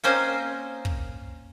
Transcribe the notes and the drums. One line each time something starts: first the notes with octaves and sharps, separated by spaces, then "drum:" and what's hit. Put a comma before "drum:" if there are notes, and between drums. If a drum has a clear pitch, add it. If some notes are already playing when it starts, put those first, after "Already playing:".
A#3 C4 C#4 A#4 C5 D#5
drum: kick